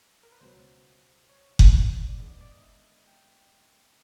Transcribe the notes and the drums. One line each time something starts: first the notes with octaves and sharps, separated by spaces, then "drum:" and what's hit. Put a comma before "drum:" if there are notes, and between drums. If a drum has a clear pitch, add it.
A#4
B4
C#2 B2 F#3 C5
C#5
drum: kick F#1
D5
G2 D#3 G#3 B3 D4 D#5
D5
D5
D#5
E5
G5